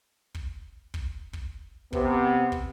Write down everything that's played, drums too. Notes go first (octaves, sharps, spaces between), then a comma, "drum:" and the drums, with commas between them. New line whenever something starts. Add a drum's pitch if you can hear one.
drum: kick
drum: kick
drum: kick
C3 B3, drum: kick
drum: kick